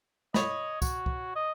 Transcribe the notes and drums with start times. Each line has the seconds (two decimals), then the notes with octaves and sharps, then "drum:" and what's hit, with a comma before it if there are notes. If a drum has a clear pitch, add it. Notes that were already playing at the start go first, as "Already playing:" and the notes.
0.34 C#5 D#5 B5, drum: snare
0.82 F#4, drum: kick C2, tambourine
1.06 drum: kick C2
1.36 D#5